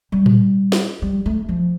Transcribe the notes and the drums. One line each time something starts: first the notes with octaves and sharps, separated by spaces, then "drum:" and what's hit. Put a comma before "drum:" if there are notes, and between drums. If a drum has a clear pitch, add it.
G3
drum: tom A2
drum: snare
G3
A3
F3